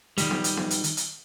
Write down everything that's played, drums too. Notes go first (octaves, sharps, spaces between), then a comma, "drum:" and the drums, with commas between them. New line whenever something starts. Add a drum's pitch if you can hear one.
D#3 G3, drum: hi-hat
drum: snare B3
drum: hi-hat
drum: snare B3
drum: hi-hat
drum: hi-hat
drum: hi-hat